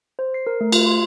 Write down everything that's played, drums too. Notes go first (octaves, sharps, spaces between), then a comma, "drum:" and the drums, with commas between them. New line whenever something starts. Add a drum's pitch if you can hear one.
C5
C7
A#4
A3
F4, drum: cymbal
C6